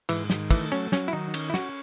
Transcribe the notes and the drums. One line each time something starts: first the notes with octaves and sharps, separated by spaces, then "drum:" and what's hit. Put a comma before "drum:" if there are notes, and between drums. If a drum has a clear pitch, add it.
G#2 E3, drum: cymbal
D#3, drum: snare
E3 A3, drum: kick, cymbal
F#3 C#4
F#3 C#4, drum: snare
E4
D#3 D#4
C#4, drum: cymbal
E4
C#4 F#4, drum: snare